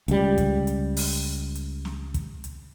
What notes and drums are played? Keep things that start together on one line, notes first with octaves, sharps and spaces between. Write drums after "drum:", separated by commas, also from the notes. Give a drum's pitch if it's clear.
C#2 G3, drum: hi-hat
drum: kick, hi-hat
drum: hi-hat
drum: open hi-hat
drum: hi-hat
drum: snare
drum: kick, hi-hat
drum: hi-hat